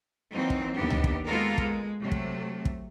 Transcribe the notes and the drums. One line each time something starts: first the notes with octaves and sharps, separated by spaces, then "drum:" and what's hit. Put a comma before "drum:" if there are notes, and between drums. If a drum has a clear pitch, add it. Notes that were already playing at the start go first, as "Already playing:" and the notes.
E3 F#3 A#3 C4 D#4
drum: kick
D#2 B3 D4 G4
drum: tom C#2
drum: kick
G#3 A#3 B3 F4 A4 A#4
G#3, drum: kick
C3 F#3 A3
drum: kick
drum: kick